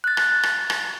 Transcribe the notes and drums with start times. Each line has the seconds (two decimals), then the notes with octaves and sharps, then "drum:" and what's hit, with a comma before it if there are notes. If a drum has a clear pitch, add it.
0.04 F#6 A6
0.17 drum: rim click
0.43 drum: rim click
0.70 drum: rim click